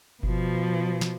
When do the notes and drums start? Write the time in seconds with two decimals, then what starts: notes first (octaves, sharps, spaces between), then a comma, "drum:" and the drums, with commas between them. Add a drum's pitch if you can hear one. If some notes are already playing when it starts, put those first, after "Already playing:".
0.23 B2 F3, drum: kick F#1
1.01 drum: snare